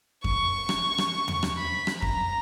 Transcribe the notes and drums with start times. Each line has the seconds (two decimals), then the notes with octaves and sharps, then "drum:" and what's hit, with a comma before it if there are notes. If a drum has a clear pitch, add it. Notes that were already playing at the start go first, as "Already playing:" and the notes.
0.24 C#6, drum: kick F2
0.69 drum: rim click
0.98 drum: rim click
1.28 drum: tom E2
1.43 drum: rim click
1.57 B5
1.87 drum: rim click
2.02 A#5, drum: kick F2